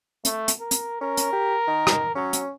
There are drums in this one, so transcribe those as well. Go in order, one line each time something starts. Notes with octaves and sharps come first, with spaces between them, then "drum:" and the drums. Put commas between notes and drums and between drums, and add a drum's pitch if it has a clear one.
A3, drum: hi-hat
drum: hi-hat
A#4
drum: hi-hat
C#4 A#4
drum: hi-hat
G4
D#3
drum: rim click
F#3 C#4
drum: hi-hat